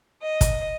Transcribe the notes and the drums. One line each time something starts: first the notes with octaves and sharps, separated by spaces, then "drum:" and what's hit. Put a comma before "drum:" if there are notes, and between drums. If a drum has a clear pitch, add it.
D#5
drum: kick, hi-hat